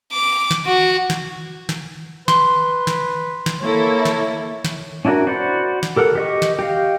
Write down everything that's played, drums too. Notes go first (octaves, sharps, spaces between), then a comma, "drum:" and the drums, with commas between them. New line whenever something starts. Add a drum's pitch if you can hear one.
D6
drum: snare
F#4
drum: snare
drum: snare
B4 C6, drum: snare
drum: snare
drum: snare
A#3 E4 A4 C#5
drum: snare
drum: snare
C#4 D4 E4 F#4 A#4
F#4 C5 D5 F#5 B5
drum: snare
G4 A4 A#4 F#5
G4 D#5 C#6
drum: snare
G4 D#5 F5